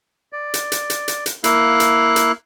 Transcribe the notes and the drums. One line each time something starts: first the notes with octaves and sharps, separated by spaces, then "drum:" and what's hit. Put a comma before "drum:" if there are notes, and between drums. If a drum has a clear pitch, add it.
D5
drum: hi-hat
drum: hi-hat
drum: hi-hat
drum: hi-hat
drum: hi-hat
A#3 E4 F5 F#6, drum: hi-hat
drum: hi-hat
drum: hi-hat